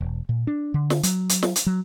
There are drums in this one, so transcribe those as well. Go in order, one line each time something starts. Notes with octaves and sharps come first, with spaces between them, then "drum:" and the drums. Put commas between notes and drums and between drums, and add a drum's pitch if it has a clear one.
E1
A#2
D4
D3
drum: snare
F#3, drum: hi-hat
drum: hi-hat
drum: snare
drum: hi-hat
F#3